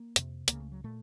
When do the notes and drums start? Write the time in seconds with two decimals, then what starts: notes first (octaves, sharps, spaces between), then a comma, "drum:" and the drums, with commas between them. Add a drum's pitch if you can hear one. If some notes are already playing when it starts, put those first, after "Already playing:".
Already playing: A#3
0.16 F2 C3, drum: hi-hat
0.48 C#2 C#3 A#3, drum: hi-hat
0.60 A3
0.72 F#3
0.84 A#2 A3